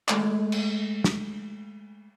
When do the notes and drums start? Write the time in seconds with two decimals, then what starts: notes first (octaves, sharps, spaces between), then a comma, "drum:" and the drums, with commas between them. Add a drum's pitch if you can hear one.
0.08 G#3 A3 D5, drum: clap
0.52 drum: cymbal
1.04 drum: snare